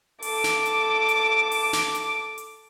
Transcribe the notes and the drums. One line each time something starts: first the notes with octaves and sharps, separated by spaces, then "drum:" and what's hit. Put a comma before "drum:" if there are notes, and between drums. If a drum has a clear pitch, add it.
A4 D6, drum: open hi-hat
drum: snare
drum: hi-hat
drum: hi-hat
drum: open hi-hat
drum: snare
drum: hi-hat
drum: hi-hat